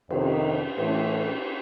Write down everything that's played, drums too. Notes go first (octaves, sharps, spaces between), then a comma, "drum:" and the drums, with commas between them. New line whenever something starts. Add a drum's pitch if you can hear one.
F2 C3 D#3, drum: cymbal
A2 E3 A3, drum: cymbal